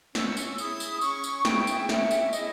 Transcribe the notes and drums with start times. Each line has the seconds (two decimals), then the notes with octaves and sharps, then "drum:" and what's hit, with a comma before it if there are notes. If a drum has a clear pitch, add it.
0.15 C#4 E6, drum: snare
0.37 drum: tambourine
0.58 E4 G#4 D#6, drum: tambourine
0.80 drum: tambourine
1.01 C#4 C#6, drum: tambourine
1.24 drum: tambourine
1.45 E4 G#4 G5, drum: snare
1.67 drum: tambourine
1.89 C#4 E5, drum: snare
2.11 drum: tambourine
2.33 E4 G#4 D#5, drum: tambourine